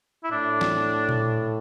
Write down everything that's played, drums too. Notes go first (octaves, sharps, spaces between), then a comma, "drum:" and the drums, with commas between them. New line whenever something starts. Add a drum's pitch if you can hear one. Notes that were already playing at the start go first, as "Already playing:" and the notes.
E4
A2 D4
drum: snare
drum: tom A#2